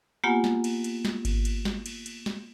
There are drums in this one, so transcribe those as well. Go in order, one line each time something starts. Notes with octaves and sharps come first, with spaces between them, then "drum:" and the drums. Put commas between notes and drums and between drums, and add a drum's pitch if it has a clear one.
A#3 B3 F4 G4 F#5 G#5
drum: snare
drum: cymbal
drum: cymbal
drum: snare
drum: kick G#1, cymbal
drum: cymbal
drum: snare
drum: cymbal
drum: cymbal
drum: snare